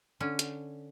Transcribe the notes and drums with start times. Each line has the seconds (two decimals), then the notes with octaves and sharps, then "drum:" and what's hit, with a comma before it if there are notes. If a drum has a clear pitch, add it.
0.20 D3 C#4
0.39 drum: hi-hat